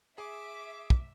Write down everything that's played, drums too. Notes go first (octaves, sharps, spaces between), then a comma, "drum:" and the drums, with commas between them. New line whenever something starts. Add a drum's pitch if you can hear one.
G#4 E5 D6
drum: kick